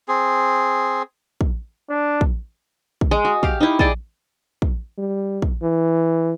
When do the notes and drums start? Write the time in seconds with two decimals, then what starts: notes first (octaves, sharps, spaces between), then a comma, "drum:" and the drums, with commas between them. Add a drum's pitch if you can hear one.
0.08 C4 G#4
1.41 drum: kick
1.90 D4
2.21 drum: kick
3.01 drum: kick
3.11 G#3
3.25 F#4
3.43 G4 F5, drum: kick
3.60 D#4 E4
3.79 G#4 D5 D#5 A5, drum: kick
4.62 drum: kick
4.98 G3
5.42 drum: kick
5.62 E3